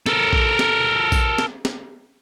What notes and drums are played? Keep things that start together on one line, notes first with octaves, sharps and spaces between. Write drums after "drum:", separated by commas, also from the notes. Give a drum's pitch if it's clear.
A4 A#4, drum: snare
drum: kick A#1
drum: snare
drum: kick A#1, tambourine
drum: snare
drum: snare